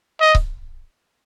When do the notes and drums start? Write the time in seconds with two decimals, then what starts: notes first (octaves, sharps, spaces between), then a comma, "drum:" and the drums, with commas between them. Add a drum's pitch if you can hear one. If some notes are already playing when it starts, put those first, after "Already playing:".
0.21 D#5
0.35 drum: kick C#1